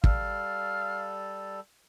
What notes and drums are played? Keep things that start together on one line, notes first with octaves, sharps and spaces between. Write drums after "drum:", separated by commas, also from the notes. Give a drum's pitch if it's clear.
G3 A4 F5, drum: kick